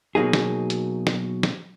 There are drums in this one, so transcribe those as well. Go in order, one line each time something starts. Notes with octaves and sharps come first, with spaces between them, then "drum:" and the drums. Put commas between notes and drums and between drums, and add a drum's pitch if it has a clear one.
B2 F#3 A#3 D#4 G#4
drum: snare
drum: hi-hat
drum: snare
drum: snare